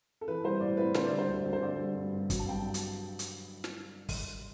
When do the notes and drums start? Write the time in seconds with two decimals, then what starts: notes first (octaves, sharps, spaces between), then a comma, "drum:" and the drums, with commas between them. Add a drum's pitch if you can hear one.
0.21 A4
0.28 E3 B4
0.44 G3 C5
0.60 A2 D5
0.77 A2 B4
0.94 D3 C5, drum: snare
1.06 D5
1.12 G3
1.18 C5
1.28 D2
1.46 D2
1.53 C5
1.62 D3 D5
1.78 G3
1.95 G2
2.13 G2
2.30 F#3, drum: kick, hi-hat
2.39 A5
2.45 G2 G5
2.59 A5
2.74 drum: hi-hat
3.19 drum: hi-hat
3.64 drum: snare
4.09 drum: kick, open hi-hat